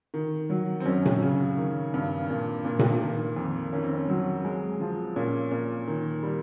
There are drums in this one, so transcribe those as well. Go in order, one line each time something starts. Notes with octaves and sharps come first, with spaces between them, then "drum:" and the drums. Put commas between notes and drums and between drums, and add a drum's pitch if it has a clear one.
D#3
F#3
C4
F#2 C#4
drum: tom A#2
C#3
D#3
G2
A#2
A#2
drum: tom A#2
D#3
F2
D#3 C#4
C4
C#4
F#3
G#3
F3
A#2 C#4
A#2
D#3
G3